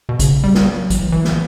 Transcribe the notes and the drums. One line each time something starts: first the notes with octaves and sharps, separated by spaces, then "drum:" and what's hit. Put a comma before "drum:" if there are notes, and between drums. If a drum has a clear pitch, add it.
B2
C#3, drum: kick A#1, hi-hat
G3
drum: snare
F#3
E3, drum: kick A#1, hi-hat
E3
drum: snare